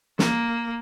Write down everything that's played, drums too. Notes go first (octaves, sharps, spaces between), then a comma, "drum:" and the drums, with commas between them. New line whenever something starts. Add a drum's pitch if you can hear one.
A#3, drum: snare